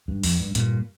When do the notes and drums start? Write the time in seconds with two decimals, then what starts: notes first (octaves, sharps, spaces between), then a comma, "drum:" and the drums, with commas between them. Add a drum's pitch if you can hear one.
0.08 G2
0.23 F2, drum: open hi-hat
0.40 G2
0.55 G2 A#2, drum: hi-hat